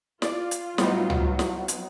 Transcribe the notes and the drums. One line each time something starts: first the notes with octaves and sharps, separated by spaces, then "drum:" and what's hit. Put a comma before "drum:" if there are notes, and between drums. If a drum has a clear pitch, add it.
F4 D5, drum: snare
drum: hi-hat
A2 F#3 G3 B3 C4 D#4, drum: snare
drum: tom C#2
drum: snare
drum: hi-hat